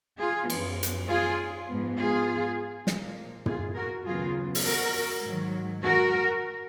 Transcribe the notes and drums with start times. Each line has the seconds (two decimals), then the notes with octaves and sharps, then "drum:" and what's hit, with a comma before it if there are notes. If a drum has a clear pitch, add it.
0.20 F4 G#4
0.50 F#2 F3 B3, drum: cymbal
0.83 drum: hi-hat
1.09 F4 G#4
1.69 G#2 F3 B3
1.97 F4 G#4
2.87 A#2 F3 A#3, drum: snare
3.46 F4 G#4, drum: tom
3.76 F#4 A#4
4.05 D#2 C#3 F#3 B3 F4 G#4
4.55 drum: open hi-hat
4.65 F#4 A#4
5.25 G#2 D#3 F#3
5.84 F#4 A#4